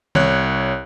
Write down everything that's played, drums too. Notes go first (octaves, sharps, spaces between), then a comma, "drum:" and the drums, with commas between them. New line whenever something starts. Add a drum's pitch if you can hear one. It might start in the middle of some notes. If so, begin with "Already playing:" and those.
C2 C#5 F#6, drum: tom D#3